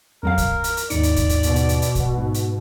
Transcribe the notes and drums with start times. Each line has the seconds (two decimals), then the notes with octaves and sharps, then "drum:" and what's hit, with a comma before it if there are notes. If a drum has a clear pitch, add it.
0.23 F2 F#3 A#4 F5
0.38 drum: kick A#1, hi-hat
0.64 drum: hi-hat
0.77 drum: hi-hat
0.90 D#2 G#2 D#4 D5 C#7, drum: hi-hat
1.03 drum: hi-hat
1.16 drum: kick A#1, hi-hat
1.30 drum: hi-hat
1.43 B2, drum: hi-hat
1.56 drum: hi-hat
1.69 drum: hi-hat
1.82 drum: hi-hat
1.95 drum: kick A#1, hi-hat
2.17 G#2
2.35 drum: hi-hat